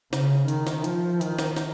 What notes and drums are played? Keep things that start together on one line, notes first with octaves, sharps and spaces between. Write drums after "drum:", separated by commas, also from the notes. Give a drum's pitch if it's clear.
C#3, drum: snare
D#3, drum: hi-hat
drum: snare
F3, drum: hi-hat
D#3, drum: hi-hat
drum: snare
drum: snare